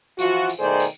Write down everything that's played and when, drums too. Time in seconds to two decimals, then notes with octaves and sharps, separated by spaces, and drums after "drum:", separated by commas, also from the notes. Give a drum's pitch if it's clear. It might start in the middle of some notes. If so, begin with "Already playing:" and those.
0.19 E3 F3 F4 F#4, drum: tambourine
0.49 drum: tambourine
0.60 B2 D#3 A3 G#4 C5 D5
0.80 drum: tambourine